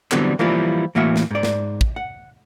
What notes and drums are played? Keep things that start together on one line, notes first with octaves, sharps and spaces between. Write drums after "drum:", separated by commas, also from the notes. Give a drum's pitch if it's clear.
D3 E3 F#3 G3 B3 C4, drum: clap
E3 F3 G3 A#3 E4 F4
A2 E3 A#3 F#4 E5
drum: snare
G#2 D5
drum: snare
drum: kick
F#5